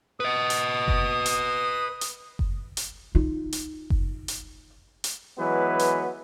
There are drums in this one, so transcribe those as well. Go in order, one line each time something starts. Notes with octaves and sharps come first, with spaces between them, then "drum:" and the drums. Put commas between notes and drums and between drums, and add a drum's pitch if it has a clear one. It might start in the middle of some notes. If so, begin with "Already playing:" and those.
B4 D#5 D#6
drum: hi-hat
drum: kick F#1
drum: hi-hat
drum: hi-hat
drum: kick F#1
drum: hi-hat
D#4 F4
drum: hi-hat
drum: kick F#1
drum: hi-hat
drum: hi-hat
E3 F#3 G#3 B3 B4
drum: hi-hat